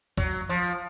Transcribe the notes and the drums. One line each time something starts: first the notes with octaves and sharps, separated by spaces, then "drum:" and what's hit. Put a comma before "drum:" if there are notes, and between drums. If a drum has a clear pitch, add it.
F#3, drum: kick
F3